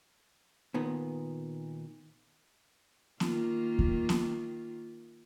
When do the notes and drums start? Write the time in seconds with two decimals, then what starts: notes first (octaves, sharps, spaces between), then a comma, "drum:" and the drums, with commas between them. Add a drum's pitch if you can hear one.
0.74 A#2 D#3 B3
3.20 D#3 A#3 F4, drum: snare B3
3.79 drum: kick D#2
4.09 drum: snare B3